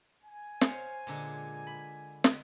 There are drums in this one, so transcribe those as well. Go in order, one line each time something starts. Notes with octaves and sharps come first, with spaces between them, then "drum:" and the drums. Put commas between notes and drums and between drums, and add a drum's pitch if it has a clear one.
G#5
C5 C#5 F5, drum: snare
A#2 D3 G#3
B5
drum: snare